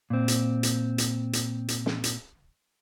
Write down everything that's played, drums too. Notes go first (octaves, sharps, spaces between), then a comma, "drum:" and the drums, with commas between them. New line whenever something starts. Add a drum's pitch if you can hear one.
A#2 C4
drum: hi-hat
drum: hi-hat
drum: hi-hat
drum: hi-hat
drum: hi-hat
drum: snare
drum: hi-hat